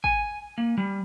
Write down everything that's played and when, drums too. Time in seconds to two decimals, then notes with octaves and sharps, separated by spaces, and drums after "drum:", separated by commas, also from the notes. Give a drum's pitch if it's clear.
0.04 G#5, drum: kick
0.58 A#3
0.78 G3